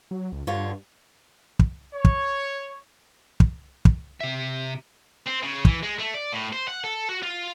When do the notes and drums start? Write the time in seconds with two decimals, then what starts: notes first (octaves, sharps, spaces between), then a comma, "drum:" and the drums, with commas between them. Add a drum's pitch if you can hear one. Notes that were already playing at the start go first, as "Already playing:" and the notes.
0.11 F#3
0.32 C#2
0.47 G2 D3 F4 C#5
1.59 drum: kick
1.95 C#5
2.05 drum: kick
3.40 drum: kick
3.85 drum: kick
4.21 C3 E5
5.27 C4
5.43 C#3
5.65 E3, drum: kick
5.83 G#3
5.99 A3
6.14 D5
6.32 A2
6.53 C5
6.68 F#5
6.84 A4
7.09 F#4
7.23 F4